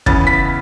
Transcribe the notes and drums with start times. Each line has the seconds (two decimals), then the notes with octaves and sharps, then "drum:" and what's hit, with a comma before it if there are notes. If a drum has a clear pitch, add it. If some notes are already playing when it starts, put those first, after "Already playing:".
0.06 C#3 E3 B3 A6, drum: kick
0.27 B6